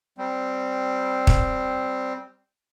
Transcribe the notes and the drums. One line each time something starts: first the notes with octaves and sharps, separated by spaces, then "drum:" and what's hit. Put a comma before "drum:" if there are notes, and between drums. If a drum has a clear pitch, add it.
G3 C4
drum: kick